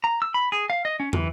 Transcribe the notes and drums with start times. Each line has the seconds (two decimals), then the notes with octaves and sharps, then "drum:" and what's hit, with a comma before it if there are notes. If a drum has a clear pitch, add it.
0.04 A#5
0.22 E6
0.34 B5
0.52 G#4
0.70 F5
0.85 D#5
1.00 C#4
1.13 E3, drum: tom